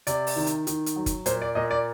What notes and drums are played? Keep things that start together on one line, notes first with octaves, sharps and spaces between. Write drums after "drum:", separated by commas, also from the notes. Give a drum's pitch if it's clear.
C3 D5, drum: hi-hat
drum: open hi-hat
D#3
drum: hi-hat
D#3, drum: hi-hat
drum: hi-hat
F#3
drum: kick F#1, hi-hat
A#2 C5, drum: hi-hat
D5
A#2 D#5
D5